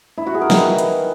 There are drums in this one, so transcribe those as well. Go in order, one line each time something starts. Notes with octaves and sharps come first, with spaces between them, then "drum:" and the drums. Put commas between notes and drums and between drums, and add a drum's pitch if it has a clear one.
E4
F#4
G#4
A#4
D#3 B4, drum: snare
drum: hi-hat